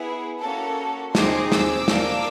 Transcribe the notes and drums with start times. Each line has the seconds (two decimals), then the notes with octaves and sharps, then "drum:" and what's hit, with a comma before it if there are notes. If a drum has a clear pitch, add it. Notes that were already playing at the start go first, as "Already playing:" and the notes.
Already playing: B3 E4 G#4
0.41 A#3 C#4 F#4 A4
1.15 C4 D#4 G#4 C6 D6, drum: snare
1.52 D6 E6, drum: snare
1.88 A#3 D4 F4, drum: snare